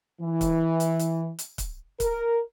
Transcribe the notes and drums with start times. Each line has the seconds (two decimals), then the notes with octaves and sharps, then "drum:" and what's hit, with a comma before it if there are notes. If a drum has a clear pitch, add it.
0.21 E3
0.41 drum: kick, hi-hat
0.80 drum: hi-hat
0.99 drum: hi-hat
1.39 drum: hi-hat
1.58 drum: kick, hi-hat
2.00 A#4, drum: kick, hi-hat